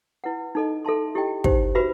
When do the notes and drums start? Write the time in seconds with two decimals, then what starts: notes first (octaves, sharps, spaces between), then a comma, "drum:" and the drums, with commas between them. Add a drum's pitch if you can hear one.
0.24 E4 B4 F#5
0.55 D#4 A4 D#5
0.85 A4 E5 A5 C6
1.15 E4 G4 D#5 G5
1.44 D#4 G4 C5, drum: kick
1.75 F#4 B4 E5 B5